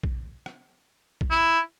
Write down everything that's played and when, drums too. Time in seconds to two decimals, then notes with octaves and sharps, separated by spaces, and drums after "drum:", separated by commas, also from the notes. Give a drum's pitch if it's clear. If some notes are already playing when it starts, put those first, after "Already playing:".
0.03 drum: kick A#1
0.46 drum: rim click
1.21 drum: kick A#1
1.30 E4